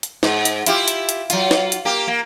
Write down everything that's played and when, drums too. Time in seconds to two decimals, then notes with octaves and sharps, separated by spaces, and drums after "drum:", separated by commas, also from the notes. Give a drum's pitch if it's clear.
0.03 drum: hi-hat
0.23 G#2, drum: snare
0.45 drum: hi-hat
0.66 E4 F4 G4, drum: hi-hat
0.88 drum: hi-hat
1.09 drum: hi-hat
1.30 F#3 F4, drum: hi-hat
1.51 drum: snare
1.72 drum: hi-hat
1.85 A#3 G4
2.08 A#3